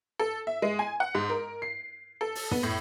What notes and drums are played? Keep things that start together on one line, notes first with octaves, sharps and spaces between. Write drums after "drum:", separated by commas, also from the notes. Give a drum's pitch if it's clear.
A4
E5
G#3
G#5
F#5
G#2
A#4
C7
A4
drum: open hi-hat
B3, drum: tom
A2